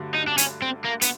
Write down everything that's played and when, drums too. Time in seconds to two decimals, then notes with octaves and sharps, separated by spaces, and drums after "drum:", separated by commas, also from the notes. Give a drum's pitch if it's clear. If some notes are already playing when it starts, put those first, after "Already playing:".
Already playing: G2 D3 F#3 A3
0.14 D#4
0.27 D4
0.38 C#4, drum: hi-hat
0.62 C4
0.84 A#3
1.01 B3, drum: hi-hat